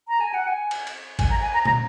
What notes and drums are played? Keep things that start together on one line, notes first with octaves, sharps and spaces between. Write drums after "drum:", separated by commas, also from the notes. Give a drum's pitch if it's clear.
A#5
G#5
F#5
G#5
drum: cymbal
drum: cymbal
G#5, drum: kick G#1, cymbal
A#5
G#5
A#5
A#5, drum: tom